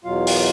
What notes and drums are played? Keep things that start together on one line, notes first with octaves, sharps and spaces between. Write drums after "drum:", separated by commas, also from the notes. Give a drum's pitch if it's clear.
E2 B2 F#3 F4 F5
drum: open hi-hat